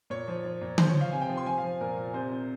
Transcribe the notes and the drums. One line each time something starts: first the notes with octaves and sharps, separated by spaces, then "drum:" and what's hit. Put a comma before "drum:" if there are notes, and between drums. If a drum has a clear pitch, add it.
A#2 C#5
F3
F3
A#2
F3 C5, drum: tom D3
C#5
F3
F5
C3 G#5
G5
F3
C6
F3 G#5
F5
F3
A#2 A#4
A#2
C3 C5
C3